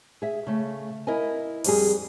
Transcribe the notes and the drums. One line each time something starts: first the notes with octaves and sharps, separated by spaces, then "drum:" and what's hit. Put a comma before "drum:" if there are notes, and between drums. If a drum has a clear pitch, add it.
G#4 E5
C#3 A3
E4 A#4 D#5 E5 G#5
F2 G3 G#4, drum: open hi-hat